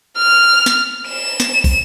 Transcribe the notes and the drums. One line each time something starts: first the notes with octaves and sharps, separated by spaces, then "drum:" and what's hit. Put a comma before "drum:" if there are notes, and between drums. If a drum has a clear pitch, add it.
F6
drum: snare
E7
drum: snare
drum: kick, open hi-hat